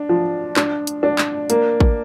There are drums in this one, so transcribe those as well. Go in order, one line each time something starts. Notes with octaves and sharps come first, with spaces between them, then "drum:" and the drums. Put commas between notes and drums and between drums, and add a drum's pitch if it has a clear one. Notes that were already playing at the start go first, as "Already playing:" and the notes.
Already playing: D4
F3
D4, drum: clap
drum: hi-hat
D4
drum: clap
A#3, drum: hi-hat
drum: kick